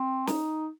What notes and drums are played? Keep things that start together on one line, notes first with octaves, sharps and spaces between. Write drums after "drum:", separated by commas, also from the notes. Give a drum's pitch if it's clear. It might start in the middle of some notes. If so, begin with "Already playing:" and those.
Already playing: C4
D#4, drum: snare